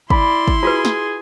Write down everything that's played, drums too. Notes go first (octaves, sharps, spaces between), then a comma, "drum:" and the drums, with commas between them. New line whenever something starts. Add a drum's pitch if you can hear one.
E4 D5 B5 C6, drum: kick
drum: kick
F4 F#4 G#4 B4
drum: snare